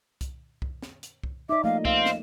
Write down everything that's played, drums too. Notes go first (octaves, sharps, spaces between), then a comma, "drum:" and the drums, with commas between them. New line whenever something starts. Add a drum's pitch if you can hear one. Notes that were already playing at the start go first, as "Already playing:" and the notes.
drum: kick C2, hi-hat
drum: kick C2
drum: snare
drum: hi-hat
drum: kick C2
D#4 D5 E5 D6
F3 A3 A#3 D#5 F5
C4 F5, drum: kick C2
drum: snare